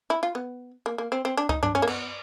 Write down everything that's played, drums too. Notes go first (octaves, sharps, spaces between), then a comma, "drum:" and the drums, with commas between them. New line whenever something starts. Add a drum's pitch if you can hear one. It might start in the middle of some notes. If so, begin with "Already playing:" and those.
E4
F4
B3
A#3
A#3
C4
C4
D4
D#4, drum: kick C#2
D4, drum: tom G2
C#4
A#3
B3, drum: cymbal